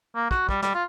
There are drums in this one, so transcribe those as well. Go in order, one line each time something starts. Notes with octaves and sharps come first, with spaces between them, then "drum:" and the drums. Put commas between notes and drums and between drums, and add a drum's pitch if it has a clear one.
A#3
F#4, drum: kick
G3, drum: kick
G3, drum: snare
F4